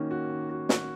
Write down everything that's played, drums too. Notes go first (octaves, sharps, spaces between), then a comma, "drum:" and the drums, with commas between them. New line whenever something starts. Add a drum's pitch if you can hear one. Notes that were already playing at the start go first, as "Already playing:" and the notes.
Already playing: D#3 A#3 C#4 F#4
F#4
D#3
F#4
F#4, drum: snare